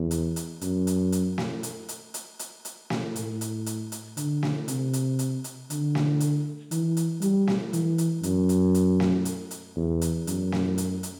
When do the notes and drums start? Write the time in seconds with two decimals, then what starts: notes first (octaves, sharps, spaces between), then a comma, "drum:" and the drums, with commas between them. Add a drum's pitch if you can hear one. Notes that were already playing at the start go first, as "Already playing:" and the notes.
Already playing: E2
0.11 drum: hi-hat
0.36 drum: hi-hat
0.61 F#2, drum: hi-hat
0.87 drum: hi-hat
1.12 drum: hi-hat
1.38 drum: snare
1.63 drum: hi-hat
1.89 drum: hi-hat
2.14 drum: hi-hat
2.39 drum: hi-hat
2.65 drum: hi-hat
2.90 drum: snare
3.16 A2, drum: hi-hat
3.41 drum: hi-hat
3.66 drum: hi-hat
3.92 drum: hi-hat
4.17 D3, drum: hi-hat
4.43 drum: snare
4.68 C3, drum: hi-hat
4.93 drum: hi-hat
5.19 drum: hi-hat
5.44 drum: hi-hat
5.70 D3, drum: hi-hat
5.95 drum: snare
6.20 drum: hi-hat
6.71 E3, drum: hi-hat
6.97 drum: hi-hat
7.22 G3, drum: hi-hat
7.47 drum: snare
7.73 E3, drum: hi-hat
7.98 drum: hi-hat
8.23 F#2, drum: hi-hat
8.49 drum: hi-hat
8.74 drum: hi-hat
9.00 drum: snare
9.25 drum: hi-hat
9.51 drum: hi-hat
9.76 E2
10.01 drum: hi-hat
10.27 F#2, drum: hi-hat
10.52 drum: snare
10.78 drum: hi-hat
11.03 drum: hi-hat